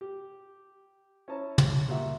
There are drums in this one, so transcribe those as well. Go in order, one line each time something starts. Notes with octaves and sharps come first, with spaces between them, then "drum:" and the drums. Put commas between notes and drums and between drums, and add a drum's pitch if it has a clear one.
G4
C#4 E4 C5 A5 A#5
drum: tom
A#2 G3 F#4 E5